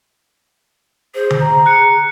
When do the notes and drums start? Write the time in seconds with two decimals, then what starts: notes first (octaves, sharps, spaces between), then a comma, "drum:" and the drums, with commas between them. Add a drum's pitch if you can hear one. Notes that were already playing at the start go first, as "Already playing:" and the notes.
1.15 G#4 C5
1.30 drum: tom D3
1.41 A#5
1.66 F#6 C#7